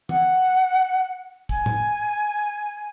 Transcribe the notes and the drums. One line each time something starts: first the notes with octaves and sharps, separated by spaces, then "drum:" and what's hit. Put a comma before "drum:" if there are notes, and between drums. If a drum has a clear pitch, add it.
F#5, drum: tom
G#5, drum: kick
drum: tom A2